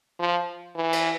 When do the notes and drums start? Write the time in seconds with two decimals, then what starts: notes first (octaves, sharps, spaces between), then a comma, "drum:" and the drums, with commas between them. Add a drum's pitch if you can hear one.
0.20 F3
0.76 E3
0.93 drum: cymbal